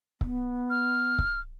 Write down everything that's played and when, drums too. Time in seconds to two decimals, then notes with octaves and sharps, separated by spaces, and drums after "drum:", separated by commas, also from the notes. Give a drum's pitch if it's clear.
0.21 B3, drum: kick C#1
0.70 F6
1.18 drum: kick C#1